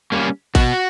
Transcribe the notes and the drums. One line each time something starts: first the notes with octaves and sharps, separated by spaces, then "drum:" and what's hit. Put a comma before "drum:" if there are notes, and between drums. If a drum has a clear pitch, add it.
G3 A#3 C#4
B2 F#4, drum: kick G#1, cymbal